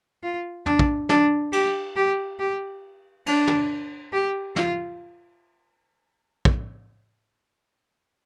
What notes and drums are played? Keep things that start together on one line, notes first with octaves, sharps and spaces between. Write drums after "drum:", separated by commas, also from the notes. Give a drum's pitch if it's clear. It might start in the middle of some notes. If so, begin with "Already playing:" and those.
F4
D4, drum: tom
drum: kick
D4, drum: snare
G4, drum: cymbal
G4
G4
D4, drum: cymbal
drum: tom
G4
F4, drum: snare
drum: kick